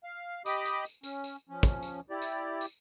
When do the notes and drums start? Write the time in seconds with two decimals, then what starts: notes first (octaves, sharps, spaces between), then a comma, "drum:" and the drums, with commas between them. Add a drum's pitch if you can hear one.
0.04 F5
0.46 G4 D#5 B5 D6 D#6, drum: tambourine
0.65 drum: tambourine
0.85 drum: tambourine
1.04 C#4, drum: tambourine
1.24 drum: tambourine
1.49 F3 C#4
1.63 drum: kick, tambourine
1.83 drum: tambourine
2.10 E4 G4 D5
2.22 drum: tambourine
2.61 drum: tambourine